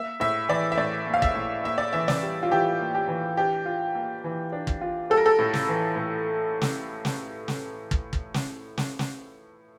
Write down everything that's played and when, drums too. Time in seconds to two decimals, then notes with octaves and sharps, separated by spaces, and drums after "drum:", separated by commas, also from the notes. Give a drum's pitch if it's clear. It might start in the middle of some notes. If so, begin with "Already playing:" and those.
Already playing: A#3 E5
0.20 A2 E5
0.49 E3 D5
0.72 E5
0.78 A2 D5
1.07 A#3
1.14 F5
1.22 E5, drum: kick
1.35 A2
1.64 A#3 E5
1.78 D5
1.93 E3 E5
2.08 D5, drum: snare
2.23 G3
2.43 F4
2.51 E3 G4
2.79 A#3
2.95 G4
3.08 E3
3.37 D4 G4
3.66 F4
3.95 A#3
4.24 E3
4.52 D4
4.67 drum: kick
4.81 F4
5.10 G3 A4
5.17 A#4
5.26 A4
5.39 A2
5.53 drum: snare
5.68 E3
5.96 A2
6.62 drum: snare
7.05 drum: snare
7.48 drum: snare
7.91 drum: kick
8.13 drum: kick
8.34 drum: snare
8.78 drum: snare
8.99 drum: snare